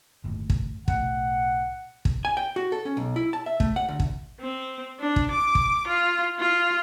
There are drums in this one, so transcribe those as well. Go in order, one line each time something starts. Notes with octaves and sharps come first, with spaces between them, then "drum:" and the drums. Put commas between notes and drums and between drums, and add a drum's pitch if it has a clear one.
G1 D#2 A2
drum: kick
B1 A2 F#5, drum: kick
drum: kick
G#5
G5
F#4
A4
C#4
B1
E4
A5
E5
A3, drum: kick
F#5
D2
drum: kick
C4
D4
drum: kick
D6
drum: kick
F4
F4